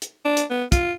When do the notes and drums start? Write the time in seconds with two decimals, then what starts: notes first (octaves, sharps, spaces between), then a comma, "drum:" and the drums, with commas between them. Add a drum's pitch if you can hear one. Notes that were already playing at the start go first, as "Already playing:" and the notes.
0.02 drum: hi-hat
0.25 D4
0.37 drum: hi-hat
0.51 B3
0.72 F4, drum: kick, hi-hat